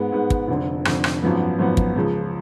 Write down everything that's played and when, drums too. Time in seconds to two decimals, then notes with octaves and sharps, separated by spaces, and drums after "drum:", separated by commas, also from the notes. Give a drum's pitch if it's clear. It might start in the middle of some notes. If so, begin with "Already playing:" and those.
Already playing: G#2 G#3 B3
0.12 G#2 G#3 B3
0.30 drum: kick
0.48 F1 F2 D3
0.85 F1 F2 D3, drum: rim click
1.04 drum: rim click
1.22 G#1 F#2 F3 B3
1.59 G#1 F#2 F3 B3
1.77 drum: kick
1.95 C#2 C#3 F3